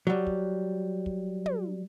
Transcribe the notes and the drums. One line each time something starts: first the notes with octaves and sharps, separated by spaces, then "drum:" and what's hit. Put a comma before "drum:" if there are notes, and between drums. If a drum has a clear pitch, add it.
F#3 G3
drum: kick
drum: kick
drum: tom